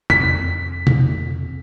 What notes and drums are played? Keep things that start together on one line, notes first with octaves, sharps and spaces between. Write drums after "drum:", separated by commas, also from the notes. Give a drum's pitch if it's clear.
F2 B6, drum: tom E2
drum: tom